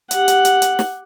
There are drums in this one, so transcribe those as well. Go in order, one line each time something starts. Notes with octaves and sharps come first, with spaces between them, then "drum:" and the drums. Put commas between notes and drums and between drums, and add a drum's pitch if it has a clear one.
G4 F#5, drum: hi-hat
drum: hi-hat
drum: hi-hat
drum: hi-hat
drum: snare